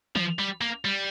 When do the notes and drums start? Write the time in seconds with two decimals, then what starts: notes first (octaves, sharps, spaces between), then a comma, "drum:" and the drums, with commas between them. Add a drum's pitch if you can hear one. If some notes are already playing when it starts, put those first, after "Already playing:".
0.16 F3, drum: tom
0.39 G3
0.61 A#3
0.85 G3